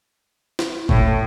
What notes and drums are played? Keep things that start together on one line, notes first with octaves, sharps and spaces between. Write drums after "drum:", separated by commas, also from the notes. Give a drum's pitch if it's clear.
drum: snare E4
A2, drum: kick